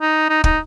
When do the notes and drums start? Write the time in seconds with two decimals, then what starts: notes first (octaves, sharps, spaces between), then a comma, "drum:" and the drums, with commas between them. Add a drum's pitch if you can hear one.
0.01 D#4
0.29 D#4
0.44 D#4, drum: kick